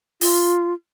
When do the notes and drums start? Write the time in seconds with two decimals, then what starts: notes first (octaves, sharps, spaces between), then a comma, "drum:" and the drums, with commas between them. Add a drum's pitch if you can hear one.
0.21 F4, drum: open hi-hat